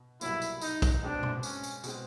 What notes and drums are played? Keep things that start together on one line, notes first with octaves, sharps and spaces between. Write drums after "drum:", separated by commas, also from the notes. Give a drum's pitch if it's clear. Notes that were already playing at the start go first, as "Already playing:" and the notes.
Already playing: B2
C2 B2 F#3 A#3 E4, drum: tambourine
drum: tambourine
D#4, drum: tambourine
drum: kick, tambourine
B2 G#3 C4 D4
drum: tom B2
C#4, drum: tambourine
drum: tambourine
B2 G#3 C4, drum: tambourine